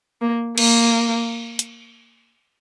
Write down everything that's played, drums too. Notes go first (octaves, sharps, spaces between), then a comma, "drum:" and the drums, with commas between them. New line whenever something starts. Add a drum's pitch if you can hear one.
A#3
A#3, drum: cymbal
drum: hi-hat